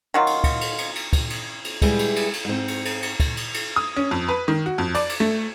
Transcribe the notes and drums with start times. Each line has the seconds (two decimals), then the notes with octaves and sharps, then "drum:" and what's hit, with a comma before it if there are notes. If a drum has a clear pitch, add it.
0.14 D#3 F#3 F4
0.27 drum: cymbal
0.44 drum: kick, cymbal
0.61 drum: cymbal
0.78 drum: cymbal
0.95 drum: cymbal
1.13 drum: kick, cymbal
1.30 drum: cymbal
1.64 drum: cymbal
1.82 G3 G#3 B3 E4 G4 G#4, drum: kick, cymbal
1.99 drum: cymbal
2.16 drum: cymbal
2.33 drum: cymbal
2.45 G#2 C4
2.68 drum: cymbal
2.85 drum: cymbal
3.02 drum: cymbal
3.20 drum: kick, cymbal
3.37 drum: cymbal
3.54 drum: cymbal
3.76 D#6
3.96 C#4
4.11 F2
4.29 B4
4.48 D#3
4.66 F#4
4.78 F2
4.95 D5, drum: cymbal
5.09 drum: cymbal
5.20 A3